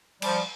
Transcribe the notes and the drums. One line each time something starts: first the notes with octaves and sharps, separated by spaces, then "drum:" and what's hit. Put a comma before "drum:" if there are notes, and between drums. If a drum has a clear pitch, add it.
F3 G3, drum: cymbal